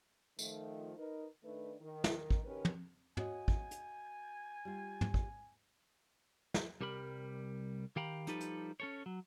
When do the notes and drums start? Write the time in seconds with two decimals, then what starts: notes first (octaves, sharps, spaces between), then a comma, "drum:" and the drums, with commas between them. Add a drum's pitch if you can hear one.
0.39 D#3 F3 A3, drum: tambourine
0.97 D#4 A#4 B4
1.44 D#3 A3 D4 D#4 B4
1.81 D#3
2.04 drum: snare
2.30 drum: kick
2.45 D#3 C#4 G4 A#4 B4
2.65 drum: tom
3.17 F#4 C#5 D#5 G#5, drum: tom
3.48 drum: kick
3.71 drum: hi-hat
4.65 G3 F4
5.01 drum: tom
5.14 drum: kick
6.54 drum: snare
6.81 C2 G3 G4 A#4 B5
7.96 D#3 G4 F5 G5 A#5 B5
8.27 F3 G3 D#4 G4 A4 B4, drum: hi-hat
8.40 drum: hi-hat
8.80 C#4 A4 C#5
9.06 F#3